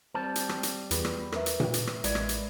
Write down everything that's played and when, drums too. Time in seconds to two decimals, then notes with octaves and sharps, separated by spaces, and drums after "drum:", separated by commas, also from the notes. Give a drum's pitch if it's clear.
0.14 G3 C4 A5
0.35 drum: hi-hat
0.49 drum: rim click
0.63 drum: hi-hat
0.91 E2 B3 F4 G#4 B5, drum: hi-hat
1.05 drum: rim click
1.32 F#3 A#4 B4 E5, drum: rim click
1.46 drum: hi-hat
1.60 drum: tom A#2
1.74 drum: hi-hat
1.87 drum: rim click
2.04 A1 G#3 E4 D5, drum: hi-hat
2.15 drum: rim click
2.29 drum: hi-hat